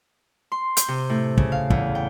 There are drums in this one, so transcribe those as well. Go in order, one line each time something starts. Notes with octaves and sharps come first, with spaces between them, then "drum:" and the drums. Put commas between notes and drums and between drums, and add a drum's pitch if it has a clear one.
C6
G6, drum: hi-hat
C3
A2
C#3, drum: kick
F5
E2, drum: kick
G5